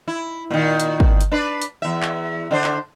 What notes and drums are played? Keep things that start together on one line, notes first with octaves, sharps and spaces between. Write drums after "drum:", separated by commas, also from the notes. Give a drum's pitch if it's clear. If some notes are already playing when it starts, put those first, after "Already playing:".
E4
A#2 D#3
drum: hi-hat
drum: kick
drum: hi-hat
D4 B4 D5
drum: hi-hat
E2 E5
drum: clap
D3 D4 C5
drum: clap